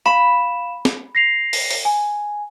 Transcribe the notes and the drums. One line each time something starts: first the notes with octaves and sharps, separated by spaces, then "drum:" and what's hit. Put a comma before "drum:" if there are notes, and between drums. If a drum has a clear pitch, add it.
F5 B5 E7
drum: snare
A#6 C7 F7
drum: open hi-hat
drum: open hi-hat
G#5